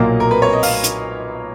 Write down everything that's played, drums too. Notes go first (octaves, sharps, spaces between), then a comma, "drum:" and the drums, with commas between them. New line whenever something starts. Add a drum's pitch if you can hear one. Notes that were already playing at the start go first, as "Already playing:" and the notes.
Already playing: B1 A#2 F#3 A#3 D#5
A#4
B4
C#5
D#5
F5, drum: open hi-hat
drum: hi-hat